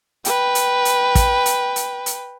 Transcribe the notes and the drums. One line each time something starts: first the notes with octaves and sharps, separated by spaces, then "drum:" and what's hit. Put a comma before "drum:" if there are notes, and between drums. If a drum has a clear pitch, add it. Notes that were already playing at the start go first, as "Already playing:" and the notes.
B4 G5, drum: hi-hat
drum: hi-hat
drum: hi-hat
drum: kick, hi-hat
drum: hi-hat
drum: hi-hat
drum: hi-hat